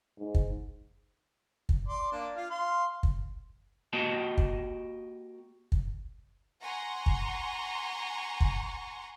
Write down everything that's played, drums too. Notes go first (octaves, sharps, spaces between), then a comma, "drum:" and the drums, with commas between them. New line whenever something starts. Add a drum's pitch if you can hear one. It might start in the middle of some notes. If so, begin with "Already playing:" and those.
G#2
drum: kick
drum: kick
D5 C6
A#3 D4
F4 F5
F5 C6
drum: kick
A#3 F#4 G4 D#5 G5 A5
drum: kick
drum: kick
F#5 G#5 A#5 C6 C#6
drum: kick
drum: kick